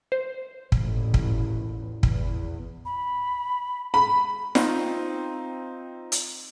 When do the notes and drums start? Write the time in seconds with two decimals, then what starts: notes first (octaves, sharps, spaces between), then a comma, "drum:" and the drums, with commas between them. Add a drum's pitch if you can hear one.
0.12 C5
0.72 A1 E2 A#2, drum: kick
1.14 drum: kick
2.03 E2, drum: kick
2.85 B5
3.94 B5
4.55 C4 D#4 F4, drum: snare
6.12 drum: hi-hat